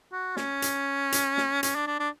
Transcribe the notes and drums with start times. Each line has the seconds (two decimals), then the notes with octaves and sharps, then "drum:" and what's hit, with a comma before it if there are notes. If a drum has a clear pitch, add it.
0.12 F#4
0.37 C#4, drum: snare
0.62 drum: hi-hat
1.12 drum: hi-hat
1.38 drum: snare
1.63 C#4, drum: hi-hat
1.75 D4
1.87 D4
2.00 D4